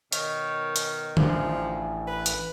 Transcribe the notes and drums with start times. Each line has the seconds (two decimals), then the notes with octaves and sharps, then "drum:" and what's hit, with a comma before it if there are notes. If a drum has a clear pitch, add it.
0.12 B2 D#3 C#5, drum: hi-hat
0.76 drum: hi-hat
1.17 A1 F3 D4, drum: tom D3
2.08 B4
2.26 drum: hi-hat